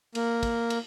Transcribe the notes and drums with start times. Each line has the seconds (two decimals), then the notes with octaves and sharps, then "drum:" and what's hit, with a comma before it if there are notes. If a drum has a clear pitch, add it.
0.15 A#3, drum: cymbal
0.43 drum: kick, cymbal
0.70 drum: cymbal